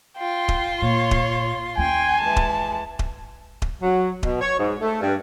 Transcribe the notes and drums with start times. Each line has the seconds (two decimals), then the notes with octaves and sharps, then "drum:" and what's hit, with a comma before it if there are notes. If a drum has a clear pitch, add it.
0.17 F4 G5 C6
0.48 drum: kick D#1
0.82 A#2 C#5
1.11 drum: kick D#1
1.77 D#2 C#4 G5 G#5 C6
2.21 E3 G#3 A5
2.36 drum: kick D#1
2.99 drum: kick D#1
3.62 drum: kick D#1
3.82 F#3
4.23 B2, drum: kick D#1
4.41 C#5
4.58 G#2
4.81 A3
5.00 G2